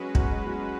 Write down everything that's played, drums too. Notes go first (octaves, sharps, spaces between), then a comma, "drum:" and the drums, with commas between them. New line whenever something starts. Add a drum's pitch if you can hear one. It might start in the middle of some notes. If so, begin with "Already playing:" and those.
Already playing: F#3 G#3 C#4 F#4 B4
F#3, drum: kick
G#3
F#3